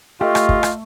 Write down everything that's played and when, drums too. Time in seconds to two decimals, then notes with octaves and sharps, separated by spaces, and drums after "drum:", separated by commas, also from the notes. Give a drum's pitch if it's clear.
0.21 A3 F4 G4 D#5
0.35 drum: rim click
0.49 drum: kick
0.63 drum: rim click